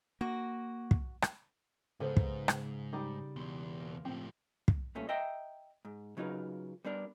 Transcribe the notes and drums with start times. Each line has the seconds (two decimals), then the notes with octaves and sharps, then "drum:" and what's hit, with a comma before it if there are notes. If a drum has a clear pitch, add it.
0.21 A#3 F#4
0.91 drum: kick
1.22 drum: rim click
2.00 G#2 C#3 B3 G#4 A4 B4 C5
2.17 drum: kick
2.48 drum: rim click
2.93 G3 D#4 G4
3.36 E2 B2 C6
3.80 A#3
4.05 A2 F3 C4
4.68 drum: kick
4.95 G2 A#2 A3 C#4
5.09 D#5 E5 G5 A#5
5.85 G#2
6.17 C#3 F#3 D#4 F4 A#4 B4
6.85 G3 B3 D4 A#4